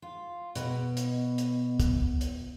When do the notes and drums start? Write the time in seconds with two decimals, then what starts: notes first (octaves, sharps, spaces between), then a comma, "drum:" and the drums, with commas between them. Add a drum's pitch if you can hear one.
0.02 F4
0.55 B2, drum: hi-hat
0.97 drum: hi-hat
1.38 drum: hi-hat
1.80 drum: kick, hi-hat
2.21 drum: hi-hat